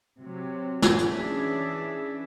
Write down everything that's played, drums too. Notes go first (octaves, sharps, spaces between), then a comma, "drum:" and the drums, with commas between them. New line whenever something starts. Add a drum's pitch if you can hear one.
C3 F#3
drum: snare
E3 C#4 D4 G#4 E5, drum: hi-hat